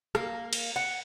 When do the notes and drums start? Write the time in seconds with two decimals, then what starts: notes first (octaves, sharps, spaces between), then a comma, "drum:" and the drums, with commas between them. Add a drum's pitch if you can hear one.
0.15 A#3, drum: rim click
0.53 drum: cymbal
0.76 F#5